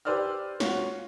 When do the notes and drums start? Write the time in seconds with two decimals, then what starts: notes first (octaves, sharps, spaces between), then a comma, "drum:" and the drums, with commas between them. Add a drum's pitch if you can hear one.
0.05 G4 B4 C5 D5 E6 F6
0.60 F4 F#4 C#5, drum: snare